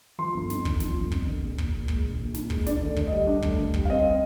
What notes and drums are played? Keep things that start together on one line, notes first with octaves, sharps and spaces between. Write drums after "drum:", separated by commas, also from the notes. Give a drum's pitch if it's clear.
F3 C6
G1
F2, drum: snare
D3, drum: kick
F3, drum: snare
G1
F2, drum: kick
D3
A#1
A#1, drum: kick
A#2
G#3, drum: kick
A#1
A#1
A#2, drum: snare
G#3, drum: kick
D4 D5, drum: snare
D2
D3, drum: kick
G3 D#5
D4
D2, drum: kick
D3
G3, drum: kick
F5
C4 D#5
D#5